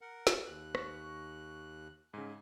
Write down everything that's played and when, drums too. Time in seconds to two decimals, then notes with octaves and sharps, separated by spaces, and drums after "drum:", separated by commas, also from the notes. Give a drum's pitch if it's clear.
0.01 A#4 F#5
0.27 drum: snare
0.46 D#2 F#6
0.75 C#6 A#6, drum: rim click
2.14 G#2 C#3 G#5